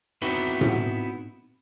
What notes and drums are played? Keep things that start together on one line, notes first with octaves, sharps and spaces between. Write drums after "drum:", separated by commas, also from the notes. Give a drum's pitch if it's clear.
B3 C4 D#4 E4 F#4 B4
drum: tom A2